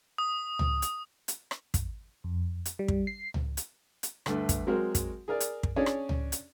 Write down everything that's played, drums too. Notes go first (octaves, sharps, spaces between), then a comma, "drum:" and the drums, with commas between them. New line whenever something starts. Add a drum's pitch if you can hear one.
D#6
drum: tom C#2
drum: hi-hat
drum: hi-hat
drum: rim click
drum: kick, hi-hat
F2
drum: hi-hat
G3
drum: kick
C7
drum: tom C#2
drum: hi-hat
drum: hi-hat
D2 G2 A3, drum: rim click
drum: kick, hi-hat
F#3 G#3 C4 F#4 A#4
drum: kick, hi-hat
G#4 A#4 D5
drum: hi-hat
drum: kick
C#4 D4 G#4 C#5 D5
drum: rim click
drum: tom C#2
drum: hi-hat